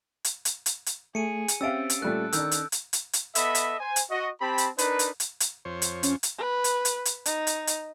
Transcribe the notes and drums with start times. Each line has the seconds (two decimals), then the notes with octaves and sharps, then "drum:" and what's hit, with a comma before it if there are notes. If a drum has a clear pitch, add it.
0.24 drum: hi-hat
0.45 drum: hi-hat
0.66 drum: hi-hat
0.86 drum: hi-hat
1.15 A3 G#4 C#7 D#7
1.48 drum: hi-hat
1.61 C4 C#4 G4 E5 F5 E6 A6 D7
1.90 drum: hi-hat
2.02 A#2 G3 A3 A4 F#6
2.33 D#3 D4 E6 G6, drum: hi-hat
2.51 drum: hi-hat
2.72 drum: hi-hat
2.93 drum: hi-hat
3.13 drum: hi-hat
3.35 B3 A4 D#5 E5 B5, drum: hi-hat
3.55 drum: hi-hat
3.80 C5 G#5
3.96 drum: hi-hat
4.11 F#4 D#5
4.40 C4 G4 A5 B5
4.58 drum: hi-hat
4.78 D4 D#4 A#4 B4, drum: hi-hat
4.99 drum: hi-hat
5.20 drum: hi-hat
5.40 drum: hi-hat
5.65 F2 C5 C#5
5.82 drum: hi-hat
6.03 C#4, drum: hi-hat
6.23 drum: hi-hat
6.38 B4
6.64 drum: hi-hat
6.85 drum: hi-hat
7.05 drum: hi-hat
7.26 D#4, drum: hi-hat
7.47 drum: hi-hat
7.67 drum: hi-hat